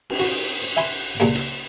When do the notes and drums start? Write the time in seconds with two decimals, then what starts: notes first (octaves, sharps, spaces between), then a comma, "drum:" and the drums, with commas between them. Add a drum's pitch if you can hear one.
0.10 drum: cymbal
0.20 F#4
0.77 E5 G#5 B5 C6
1.20 C#2 A#2 G3 A#3
1.35 drum: hi-hat